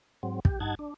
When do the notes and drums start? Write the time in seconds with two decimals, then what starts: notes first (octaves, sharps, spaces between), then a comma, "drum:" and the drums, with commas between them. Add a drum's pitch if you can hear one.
0.23 G#2 F#3 C4
0.45 G4, drum: kick
0.60 G2 D#4 F#5 A5 G#6
0.79 D4